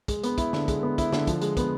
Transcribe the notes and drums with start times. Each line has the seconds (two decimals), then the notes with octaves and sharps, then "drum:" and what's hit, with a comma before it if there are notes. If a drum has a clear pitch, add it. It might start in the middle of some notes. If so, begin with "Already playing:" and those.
0.08 G#3, drum: kick, hi-hat
0.23 B3, drum: hi-hat
0.38 E4, drum: kick, hi-hat
0.53 D3, drum: snare
0.68 G#3, drum: kick, hi-hat
0.83 B3
0.98 E4, drum: kick, hi-hat
1.12 D3, drum: snare
1.27 F3, drum: kick, hi-hat
1.41 G#3, drum: hi-hat
1.57 B3, drum: kick, hi-hat